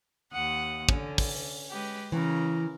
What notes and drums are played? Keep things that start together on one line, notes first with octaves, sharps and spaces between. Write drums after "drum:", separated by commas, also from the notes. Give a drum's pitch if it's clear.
D#2 F#5 D#6
D3 C#4, drum: kick
drum: kick, open hi-hat
G#3 G4 B4
C#3 E3 A#4